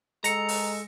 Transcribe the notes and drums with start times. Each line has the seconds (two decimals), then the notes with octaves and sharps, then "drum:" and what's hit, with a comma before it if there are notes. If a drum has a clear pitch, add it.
0.24 G#3 A4 A#5 A#6 C#7, drum: hi-hat
0.48 drum: open hi-hat